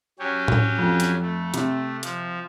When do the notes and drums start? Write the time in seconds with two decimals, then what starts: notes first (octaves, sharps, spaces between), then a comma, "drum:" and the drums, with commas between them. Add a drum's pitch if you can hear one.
0.19 F#3 C#4 G4
0.48 drum: tom A2
0.78 F2
1.00 drum: hi-hat
1.22 A3
1.54 C3, drum: hi-hat
2.03 F3, drum: hi-hat